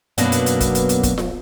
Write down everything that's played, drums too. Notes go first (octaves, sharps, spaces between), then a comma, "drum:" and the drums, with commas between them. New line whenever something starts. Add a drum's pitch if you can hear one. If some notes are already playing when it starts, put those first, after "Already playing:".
F#2 B2 F#3 A#3 B3 D4, drum: hi-hat
drum: hi-hat
drum: hi-hat
drum: kick, hi-hat
drum: hi-hat
drum: hi-hat
drum: kick, hi-hat
drum: snare F4